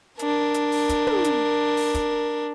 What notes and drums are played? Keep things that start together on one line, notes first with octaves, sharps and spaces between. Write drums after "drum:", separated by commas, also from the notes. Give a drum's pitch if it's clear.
D4 A#4, drum: hi-hat
drum: hi-hat
drum: open hi-hat
drum: kick, hi-hat
drum: tom
drum: hi-hat
drum: open hi-hat
drum: kick, hi-hat